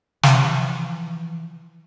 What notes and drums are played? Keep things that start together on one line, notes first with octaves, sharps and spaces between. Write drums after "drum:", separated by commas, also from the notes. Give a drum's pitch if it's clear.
E3 F3, drum: snare